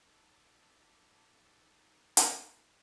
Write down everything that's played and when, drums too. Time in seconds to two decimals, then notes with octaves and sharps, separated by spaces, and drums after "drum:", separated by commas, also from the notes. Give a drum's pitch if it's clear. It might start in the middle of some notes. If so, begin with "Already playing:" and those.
0.02 A#1 D#4 A4 B4 D5 G#5
2.17 drum: hi-hat